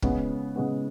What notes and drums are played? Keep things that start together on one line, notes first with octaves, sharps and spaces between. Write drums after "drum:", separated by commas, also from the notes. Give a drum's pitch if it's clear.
C#3 G#3 B3, drum: kick
C#3 G#3 B3